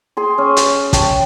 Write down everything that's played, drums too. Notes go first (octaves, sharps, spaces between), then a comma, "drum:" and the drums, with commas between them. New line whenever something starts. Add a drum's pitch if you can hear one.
G#4 C6
C#4
drum: hi-hat
G5 A5 C#6, drum: kick, hi-hat